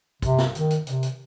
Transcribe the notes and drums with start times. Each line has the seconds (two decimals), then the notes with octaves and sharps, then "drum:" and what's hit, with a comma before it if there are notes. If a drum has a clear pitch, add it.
0.22 C3, drum: kick, hi-hat
0.38 drum: snare
0.55 D#3, drum: hi-hat
0.70 drum: hi-hat
0.87 C3, drum: hi-hat
1.03 drum: hi-hat